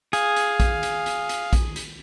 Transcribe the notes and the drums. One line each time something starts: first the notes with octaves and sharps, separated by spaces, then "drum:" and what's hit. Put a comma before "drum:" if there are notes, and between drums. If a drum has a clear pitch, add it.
G#4 F5, drum: hi-hat
drum: hi-hat
drum: kick A#1, hi-hat
drum: hi-hat
drum: hi-hat
drum: hi-hat
drum: kick A#1, hi-hat
drum: hi-hat